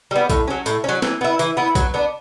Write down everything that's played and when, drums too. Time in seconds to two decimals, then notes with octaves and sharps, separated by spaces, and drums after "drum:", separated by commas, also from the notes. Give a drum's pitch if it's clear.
0.11 G3 B3
0.30 A2, drum: kick B1, hi-hat
0.48 F#3 C#4
0.66 A2, drum: hi-hat
0.84 F#3 C#4
1.02 E3, drum: snare C4
1.21 B3 E4
1.39 E3, drum: hi-hat
1.57 B3 E4
1.75 F#3, drum: kick B1, hi-hat
1.94 B3 D4